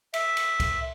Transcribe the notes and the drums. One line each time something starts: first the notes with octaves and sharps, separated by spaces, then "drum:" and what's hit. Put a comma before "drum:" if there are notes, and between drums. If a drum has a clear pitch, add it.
E5, drum: cymbal
drum: cymbal
drum: kick C2, cymbal